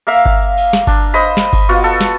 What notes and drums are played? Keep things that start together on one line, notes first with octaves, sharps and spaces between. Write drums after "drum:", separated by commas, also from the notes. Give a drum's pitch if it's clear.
A#3 A#4 E5 F5
drum: kick G1
drum: cymbal
drum: snare
D4, drum: kick G1, cymbal
C5 D#5 B5
drum: snare
drum: kick G1, cymbal
B3 F4 F#4
A4, drum: cymbal
drum: snare